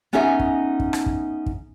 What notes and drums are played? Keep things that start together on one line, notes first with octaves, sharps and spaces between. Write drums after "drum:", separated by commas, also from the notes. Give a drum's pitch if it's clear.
B3 C#4 D#4 G#4 E5 G#5
drum: kick
drum: kick
drum: rim click
drum: kick
drum: kick